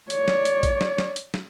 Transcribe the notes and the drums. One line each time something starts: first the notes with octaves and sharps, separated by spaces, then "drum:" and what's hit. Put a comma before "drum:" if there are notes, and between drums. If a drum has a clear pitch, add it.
C#5 D5, drum: hi-hat
drum: snare
drum: hi-hat
drum: kick A#1, hi-hat
drum: snare
drum: snare
drum: hi-hat
drum: snare